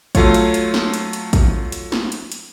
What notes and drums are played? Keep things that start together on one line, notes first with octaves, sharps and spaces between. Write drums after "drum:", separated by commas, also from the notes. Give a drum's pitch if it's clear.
F#3 A3 F4 C#5, drum: kick A1, hi-hat
drum: hi-hat
drum: hi-hat
drum: snare
drum: hi-hat
drum: hi-hat
drum: kick A1, hi-hat
drum: hi-hat
drum: snare
drum: hi-hat
drum: hi-hat